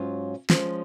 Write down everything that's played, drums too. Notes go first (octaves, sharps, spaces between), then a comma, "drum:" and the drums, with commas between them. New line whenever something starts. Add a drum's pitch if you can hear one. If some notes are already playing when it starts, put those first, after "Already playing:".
Already playing: G#2 F#3 C#4 F4
F3 G#3 C#4, drum: snare